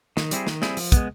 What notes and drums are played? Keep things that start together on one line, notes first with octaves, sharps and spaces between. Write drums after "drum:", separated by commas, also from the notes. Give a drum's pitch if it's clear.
D#3, drum: snare
G3 C4 E4 G#4, drum: hi-hat
D#3, drum: snare
G3 C4 E4 G#4, drum: snare
F3, drum: open hi-hat
G#3 B3, drum: kick, hi-hat